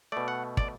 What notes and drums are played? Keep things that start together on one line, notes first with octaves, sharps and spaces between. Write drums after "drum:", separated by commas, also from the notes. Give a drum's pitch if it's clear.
B2 A3 D5
F#5
D5, drum: kick